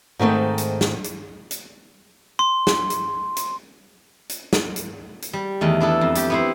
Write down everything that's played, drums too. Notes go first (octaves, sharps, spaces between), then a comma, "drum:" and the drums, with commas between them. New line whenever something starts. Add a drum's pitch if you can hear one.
G#2 D#3 A3 C4
drum: hi-hat
drum: snare
drum: hi-hat
drum: hi-hat
C6
drum: snare
drum: hi-hat
drum: hi-hat
drum: hi-hat
drum: snare
drum: hi-hat
drum: hi-hat
G3
E2 D#3 A3
B3 D4 E4 A4
F2
A3 G4, drum: hi-hat
B3 E4 C5